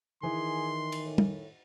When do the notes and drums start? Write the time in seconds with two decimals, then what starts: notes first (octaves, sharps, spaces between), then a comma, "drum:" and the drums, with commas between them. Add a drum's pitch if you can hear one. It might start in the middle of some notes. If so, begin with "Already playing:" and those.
0.23 D#3 E3 G#4 C6
0.92 drum: cymbal
1.05 A2
1.18 drum: tom